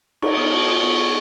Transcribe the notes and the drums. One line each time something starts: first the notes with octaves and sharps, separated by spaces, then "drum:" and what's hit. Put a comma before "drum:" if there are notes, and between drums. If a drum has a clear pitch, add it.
D#4 C#6, drum: cymbal
B3 D#6
F#4 C#6
F4 D#6
B3 C#6
G#4 C#6